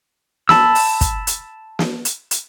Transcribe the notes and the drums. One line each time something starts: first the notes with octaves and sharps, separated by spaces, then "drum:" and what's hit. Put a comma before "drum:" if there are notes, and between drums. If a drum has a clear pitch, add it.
A5 B5 E6, drum: snare
drum: open hi-hat
drum: kick, hi-hat
drum: hi-hat
drum: snare
drum: hi-hat
drum: hi-hat